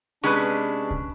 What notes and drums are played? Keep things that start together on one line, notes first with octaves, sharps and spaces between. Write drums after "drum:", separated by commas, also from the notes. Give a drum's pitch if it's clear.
C3 G#3 C#4 D4 B4
drum: kick